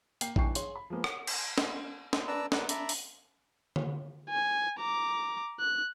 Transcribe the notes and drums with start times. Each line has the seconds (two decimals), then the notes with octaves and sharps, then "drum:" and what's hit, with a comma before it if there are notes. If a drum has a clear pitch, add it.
0.21 A#3 G5 C7, drum: hi-hat
0.36 B1 E3 D4 G5 C#6 C7, drum: kick A#1
0.55 G#4 C#5 C6, drum: hi-hat
0.75 B5
0.90 F3 G#3 A#3 B3
1.04 drum: rim click
1.27 drum: cymbal
1.58 drum: snare
2.13 drum: snare
2.27 D4 B4 D5 A5 A#5 E6
2.52 A#4 B4 D5 F#5, drum: snare
2.69 D4 D5 E5 A#5 B5, drum: hi-hat
2.89 drum: open hi-hat
3.76 drum: tom D3
4.30 G#5
4.80 A#5 D6
5.59 F#6